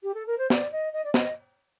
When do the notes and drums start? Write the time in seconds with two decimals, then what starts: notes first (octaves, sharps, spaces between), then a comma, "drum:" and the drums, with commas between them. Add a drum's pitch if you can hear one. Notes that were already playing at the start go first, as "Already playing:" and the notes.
0.03 G4
0.14 A4
0.26 A#4
0.38 C5
0.50 D5, drum: snare
0.71 D#5
0.93 D#5
1.04 D5
1.14 D#5, drum: snare